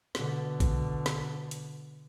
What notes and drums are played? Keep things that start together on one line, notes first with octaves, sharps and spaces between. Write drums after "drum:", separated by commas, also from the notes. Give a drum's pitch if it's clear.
B2 D3, drum: snare
drum: kick, hi-hat
drum: snare
drum: hi-hat